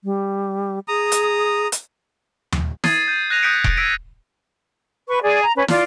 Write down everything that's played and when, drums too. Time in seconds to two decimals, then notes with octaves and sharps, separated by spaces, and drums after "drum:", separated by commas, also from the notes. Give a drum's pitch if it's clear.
0.04 G3
0.88 G#4 A#5 D#6
1.12 drum: hi-hat
1.72 drum: hi-hat
2.52 drum: tom D#2
2.84 D#6 G#6 A6 C7 D#7, drum: snare
3.08 G6 D#7
3.30 F#6 A#6 D#7 F7
3.43 D#6 F#6 G6 B6 C#7 D7
3.64 D7, drum: kick E1
3.77 E6 G#6 A6 B6 D7 D#7
5.08 B4 C#6
5.22 G#4 D5
5.42 A#5
5.55 C#4 B4
5.68 F4 D5, drum: snare